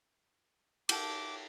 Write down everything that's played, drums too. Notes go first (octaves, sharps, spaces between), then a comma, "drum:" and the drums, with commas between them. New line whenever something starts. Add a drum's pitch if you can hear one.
A4 F#5 G5 D6, drum: cymbal